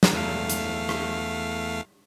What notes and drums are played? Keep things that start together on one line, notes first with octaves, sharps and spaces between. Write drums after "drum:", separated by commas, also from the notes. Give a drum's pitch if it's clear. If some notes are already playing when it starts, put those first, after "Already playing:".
drum: snare
E2 A3 F5
drum: hi-hat
drum: rim click